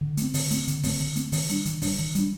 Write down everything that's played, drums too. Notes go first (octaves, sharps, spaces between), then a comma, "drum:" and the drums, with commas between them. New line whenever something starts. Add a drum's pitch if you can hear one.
D3
A3 C4, drum: hi-hat
D3, drum: open hi-hat
A3 C4, drum: hi-hat
D3, drum: hi-hat
A3 C4, drum: kick, open hi-hat
D3
A3 C4, drum: hi-hat
D#3, drum: open hi-hat
G3 D4, drum: hi-hat
D#3, drum: hi-hat
G3 D4, drum: kick, open hi-hat
D#3
G3 D4, drum: hi-hat